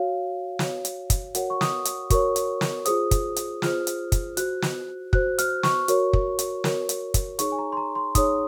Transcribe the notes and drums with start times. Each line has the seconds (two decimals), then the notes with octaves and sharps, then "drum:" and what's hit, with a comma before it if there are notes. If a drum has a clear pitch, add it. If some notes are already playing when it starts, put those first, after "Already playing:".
Already playing: F#4 C#5 F5
0.59 F#4 C#5, drum: snare
0.85 drum: hi-hat
1.10 drum: kick, hi-hat
1.35 F#4 A#4 C#5 F#5, drum: hi-hat
1.50 C#6
1.61 D#6, drum: snare
1.85 drum: hi-hat
2.10 F#4 A#4 C#5 C#6, drum: kick, hi-hat
2.36 drum: hi-hat
2.61 drum: snare
2.85 F4 G#4 C5 D#6, drum: hi-hat
3.11 drum: kick, hi-hat
3.36 drum: hi-hat
3.62 F4 G#4 C5 F6, drum: snare
3.87 drum: hi-hat
4.12 drum: kick, hi-hat
4.37 F#4 C5 F#6, drum: hi-hat
4.62 drum: snare
5.13 F#4 C5 F#6, drum: kick
5.38 F6, drum: hi-hat
5.63 C#6, drum: snare
5.88 F#4 A#4 C#5, drum: hi-hat
6.13 drum: kick
6.39 drum: hi-hat
6.64 F#4 A#4 C#5, drum: snare
6.89 drum: hi-hat
7.14 drum: kick, hi-hat
7.39 D#4 G#4 C#5 C#6, drum: hi-hat
7.52 G#5
7.59 A#5
7.72 C6
7.77 A#5
7.95 C6
8.15 D#4 G#4 C#5 D#6, drum: kick, hi-hat